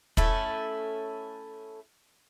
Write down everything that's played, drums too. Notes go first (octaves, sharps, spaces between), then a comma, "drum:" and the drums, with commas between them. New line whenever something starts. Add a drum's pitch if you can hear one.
A3 C#4 E4 A4, drum: kick